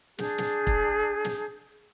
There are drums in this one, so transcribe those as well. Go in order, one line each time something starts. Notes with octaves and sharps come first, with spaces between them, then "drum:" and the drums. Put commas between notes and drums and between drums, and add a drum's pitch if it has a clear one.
D4 G#4 G6, drum: snare
drum: snare
drum: kick E1
drum: snare